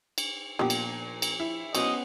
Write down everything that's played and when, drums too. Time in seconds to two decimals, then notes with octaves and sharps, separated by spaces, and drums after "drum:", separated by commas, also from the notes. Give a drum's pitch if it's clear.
0.18 drum: cymbal
0.59 A#2 F3 B3 D4 G4
0.70 drum: cymbal
1.22 drum: cymbal
1.40 E4
1.75 F#3 B3 C#4 C5 D#5, drum: cymbal